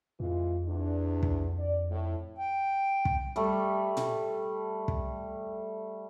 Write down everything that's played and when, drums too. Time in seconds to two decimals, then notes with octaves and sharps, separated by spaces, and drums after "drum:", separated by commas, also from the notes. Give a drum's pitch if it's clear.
0.20 F2 E3 G#3 F4
0.67 E2 D4
1.23 drum: kick
1.58 D5
1.91 A2
2.38 G5
3.05 drum: kick
3.36 G3 A3
3.97 drum: tom
4.88 drum: kick